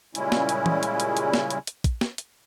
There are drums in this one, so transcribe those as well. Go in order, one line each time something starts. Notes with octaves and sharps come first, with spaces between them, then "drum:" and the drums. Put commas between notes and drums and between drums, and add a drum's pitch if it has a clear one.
A#2 C#3 G3 G#3 C#4 E4, drum: hi-hat
drum: snare
drum: hi-hat
drum: tom E3
drum: hi-hat
drum: hi-hat
drum: hi-hat
drum: snare
drum: hi-hat
drum: hi-hat
drum: kick, hi-hat
drum: snare
drum: hi-hat